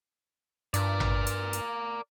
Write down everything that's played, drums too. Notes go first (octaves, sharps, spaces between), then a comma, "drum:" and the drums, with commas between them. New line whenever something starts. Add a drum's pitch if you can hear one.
G2 A#4 D5, drum: hi-hat
drum: tom G#1
drum: hi-hat
drum: hi-hat